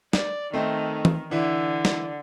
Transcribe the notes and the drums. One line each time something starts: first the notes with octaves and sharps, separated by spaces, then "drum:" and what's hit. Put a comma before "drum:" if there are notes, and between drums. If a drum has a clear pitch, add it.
D5, drum: snare
D#3 A3 C4 D#4
drum: tom E3
D3 E3 E4
drum: snare